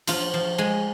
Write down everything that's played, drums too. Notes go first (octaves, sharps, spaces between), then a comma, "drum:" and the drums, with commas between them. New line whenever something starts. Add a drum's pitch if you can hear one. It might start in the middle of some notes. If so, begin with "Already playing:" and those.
F3 F4, drum: cymbal
F3
G#3